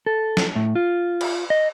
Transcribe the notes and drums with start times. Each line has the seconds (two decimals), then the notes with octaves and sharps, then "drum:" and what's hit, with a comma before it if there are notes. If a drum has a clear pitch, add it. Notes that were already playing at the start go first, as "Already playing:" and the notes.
0.06 A4
0.37 drum: snare
0.56 A2
0.75 F4
1.21 drum: cymbal
1.50 D#5